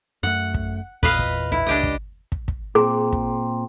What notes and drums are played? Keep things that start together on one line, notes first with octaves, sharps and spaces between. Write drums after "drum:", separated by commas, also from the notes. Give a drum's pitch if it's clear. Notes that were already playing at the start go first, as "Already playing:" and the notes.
F#2 A3 F#5
drum: kick
E2 A#2 B4 D#5 F5, drum: kick
drum: kick
E4, drum: kick
C#2 D4 G4 D#5
drum: kick
drum: kick
drum: kick
A#2 C4 G#4
drum: kick